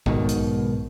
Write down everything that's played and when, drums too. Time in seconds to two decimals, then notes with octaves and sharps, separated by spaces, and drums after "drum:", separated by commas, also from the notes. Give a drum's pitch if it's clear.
0.06 B1 G#2 B2 D#3, drum: kick
0.29 drum: hi-hat